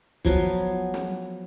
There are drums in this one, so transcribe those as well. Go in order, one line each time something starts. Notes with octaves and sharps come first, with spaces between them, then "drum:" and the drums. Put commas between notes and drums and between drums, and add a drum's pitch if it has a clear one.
F3 F#3 B3, drum: kick
drum: snare